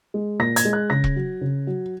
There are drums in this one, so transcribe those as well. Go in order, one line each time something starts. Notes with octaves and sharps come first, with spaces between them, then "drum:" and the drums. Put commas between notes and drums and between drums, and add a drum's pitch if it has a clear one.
G#3
A#2 A#6
G#6, drum: hi-hat
G#3
F#6
C#3 A#6
drum: kick E1
F#3
C#3
F#3